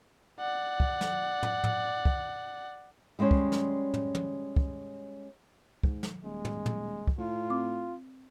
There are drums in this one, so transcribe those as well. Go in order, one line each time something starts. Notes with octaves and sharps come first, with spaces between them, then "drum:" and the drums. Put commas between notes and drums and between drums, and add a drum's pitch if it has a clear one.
D5 F#5
drum: kick
drum: snare
drum: tom
drum: tom A2
drum: kick
G3 G#3 C#4 C5 C#5
drum: kick
drum: snare
drum: tom
drum: tom
drum: kick
G#2, drum: kick
drum: snare
D#1 G#3
drum: tom
drum: tom
drum: kick
A2 F4
C4 D6